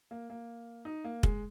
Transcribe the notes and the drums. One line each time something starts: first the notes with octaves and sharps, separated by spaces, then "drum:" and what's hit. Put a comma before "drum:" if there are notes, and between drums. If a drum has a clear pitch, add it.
A#3
A#3
D#4
A#3
G#3, drum: kick